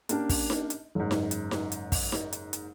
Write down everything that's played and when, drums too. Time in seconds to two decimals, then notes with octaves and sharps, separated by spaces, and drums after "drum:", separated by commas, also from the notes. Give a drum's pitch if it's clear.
0.09 A#3 C#4 D4 G4, drum: hi-hat
0.29 drum: kick, open hi-hat
0.50 drum: snare D#4
0.70 drum: hi-hat
0.95 F#1 G#2
1.11 drum: snare D#4
1.31 drum: hi-hat
1.51 drum: snare D#4
1.72 drum: hi-hat
1.92 drum: kick, open hi-hat
2.12 drum: snare D#4
2.33 drum: hi-hat
2.53 drum: hi-hat